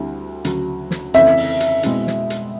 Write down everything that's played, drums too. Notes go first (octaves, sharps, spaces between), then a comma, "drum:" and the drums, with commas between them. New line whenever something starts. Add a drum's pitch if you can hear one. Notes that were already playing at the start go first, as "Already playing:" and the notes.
Already playing: D2 D3 G3 C4 E4
D2 C#3 F#3, drum: hi-hat
drum: snare
F2 C#3 E3 A3 E5, drum: hi-hat
drum: open hi-hat
drum: hi-hat
B2 G#3 C4 E4, drum: hi-hat
drum: snare
drum: hi-hat